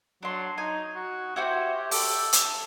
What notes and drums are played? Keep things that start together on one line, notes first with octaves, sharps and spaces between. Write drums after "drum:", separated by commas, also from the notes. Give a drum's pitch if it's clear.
F#3 D4 C6
D#4 G#5
F#4
E4 F#4 G4 C5
A4 D6, drum: open hi-hat
drum: hi-hat